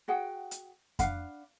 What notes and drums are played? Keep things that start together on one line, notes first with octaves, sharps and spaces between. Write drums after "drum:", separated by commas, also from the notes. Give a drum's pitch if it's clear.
F#4 G#4 F#5 G5
drum: hi-hat
D4 F5 F#5 B5, drum: kick F2, hi-hat